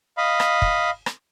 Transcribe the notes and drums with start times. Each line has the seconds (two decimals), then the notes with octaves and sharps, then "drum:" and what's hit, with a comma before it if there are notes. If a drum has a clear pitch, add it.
0.17 D#5 F5 B5
0.40 drum: rim click
0.62 drum: kick
1.06 drum: rim click